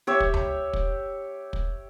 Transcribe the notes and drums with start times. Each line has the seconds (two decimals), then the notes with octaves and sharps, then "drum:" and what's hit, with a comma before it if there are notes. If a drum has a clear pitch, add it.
0.07 G4 C#5 E5
0.20 drum: kick
0.34 drum: tom C#2
0.73 drum: kick
1.53 drum: kick